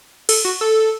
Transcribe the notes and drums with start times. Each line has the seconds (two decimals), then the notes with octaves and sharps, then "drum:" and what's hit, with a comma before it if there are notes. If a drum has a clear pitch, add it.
0.29 A4, drum: cymbal
0.45 F#4
0.61 A4